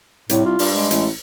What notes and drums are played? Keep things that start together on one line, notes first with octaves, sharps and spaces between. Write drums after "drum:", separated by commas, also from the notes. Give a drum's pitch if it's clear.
C2 A2, drum: hi-hat
F4
G2, drum: open hi-hat
G#3
A1, drum: hi-hat